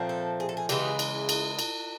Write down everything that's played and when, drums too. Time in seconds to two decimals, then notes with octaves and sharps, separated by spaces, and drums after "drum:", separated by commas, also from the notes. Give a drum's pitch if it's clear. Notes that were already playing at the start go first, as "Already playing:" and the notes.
Already playing: A#2 F3 A3 C4
0.09 A4
0.40 G#4
0.49 A4
0.57 G#4
0.69 C#3 E3 G#3 G4, drum: cymbal
0.99 drum: cymbal
1.29 drum: cymbal
1.59 drum: cymbal